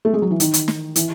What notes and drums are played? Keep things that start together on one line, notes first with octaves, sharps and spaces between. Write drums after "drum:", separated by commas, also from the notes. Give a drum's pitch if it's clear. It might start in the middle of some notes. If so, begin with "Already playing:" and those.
A3
G#3
F#3
E3
D#3, drum: hi-hat
drum: hi-hat
drum: snare
E3, drum: hi-hat